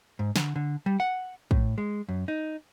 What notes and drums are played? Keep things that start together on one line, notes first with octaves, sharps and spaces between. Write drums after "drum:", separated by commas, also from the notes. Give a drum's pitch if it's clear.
G#2
D3, drum: snare
D3
G3
F#5
A2, drum: kick
G#3
F#2
D#4